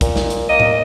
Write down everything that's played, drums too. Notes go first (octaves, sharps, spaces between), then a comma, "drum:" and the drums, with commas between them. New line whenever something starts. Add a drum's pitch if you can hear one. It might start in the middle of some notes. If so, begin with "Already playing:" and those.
A#2, drum: kick, hi-hat
drum: snare
drum: hi-hat
A#3 D#5
drum: tom A2